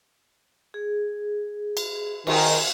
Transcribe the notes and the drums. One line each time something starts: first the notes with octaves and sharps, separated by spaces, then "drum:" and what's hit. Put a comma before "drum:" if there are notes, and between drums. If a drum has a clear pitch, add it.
G#4
drum: cymbal
D#3 G#5, drum: cymbal